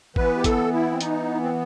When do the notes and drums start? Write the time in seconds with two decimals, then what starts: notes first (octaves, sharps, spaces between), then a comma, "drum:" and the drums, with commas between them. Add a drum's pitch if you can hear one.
0.16 E3 B3 B4, drum: kick
0.38 G4
0.44 A4, drum: kick, hi-hat
0.73 E4
0.92 C4
1.01 D#4, drum: hi-hat
1.43 C4